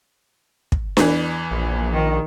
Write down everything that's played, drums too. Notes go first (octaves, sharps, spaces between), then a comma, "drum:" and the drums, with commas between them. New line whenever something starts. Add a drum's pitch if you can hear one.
drum: kick
E2 E3, drum: snare D4
A#1
D#3